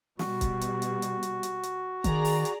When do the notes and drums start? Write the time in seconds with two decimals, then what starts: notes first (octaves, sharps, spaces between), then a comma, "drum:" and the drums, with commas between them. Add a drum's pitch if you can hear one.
0.19 B2 G3 F#4, drum: snare
0.41 drum: kick, hi-hat
0.61 drum: hi-hat
0.82 drum: hi-hat
1.02 drum: hi-hat
1.23 drum: hi-hat
1.43 drum: hi-hat
1.63 drum: hi-hat
2.04 D#3 G#4 D5 A#5, drum: kick, hi-hat
2.25 drum: open hi-hat
2.45 drum: hi-hat